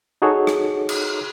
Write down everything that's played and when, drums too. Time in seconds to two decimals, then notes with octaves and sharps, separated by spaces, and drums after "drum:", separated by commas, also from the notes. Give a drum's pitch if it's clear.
0.22 D#4 F#4 G#4 A4 C#5
0.47 drum: rim click
0.89 drum: cymbal